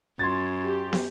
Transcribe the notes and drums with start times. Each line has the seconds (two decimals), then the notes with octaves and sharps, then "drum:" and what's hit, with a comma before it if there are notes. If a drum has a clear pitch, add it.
0.19 F#2 C6 G#6 A6
0.65 G4
0.93 drum: snare